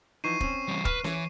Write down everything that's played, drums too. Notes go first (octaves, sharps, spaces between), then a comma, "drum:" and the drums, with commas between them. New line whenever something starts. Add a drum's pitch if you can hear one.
E3 F3 D#4 C#6 C7 D#7
C4 C#4, drum: kick
E3 G3
B4 F6, drum: kick
E3 C#5, drum: snare C#4